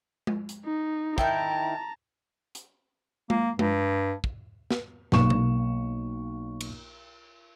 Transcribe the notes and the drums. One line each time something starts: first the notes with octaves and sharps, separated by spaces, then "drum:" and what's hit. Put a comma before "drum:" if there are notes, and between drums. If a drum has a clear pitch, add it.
drum: tom G#3
drum: hi-hat
D#4
D#3 E4 G5 A5 A#5, drum: kick
drum: hi-hat
A#3, drum: tom G#3
G2, drum: tom G#3
drum: kick
drum: snare
B1 A#3 C#6 E7, drum: snare
drum: tom B2
drum: cymbal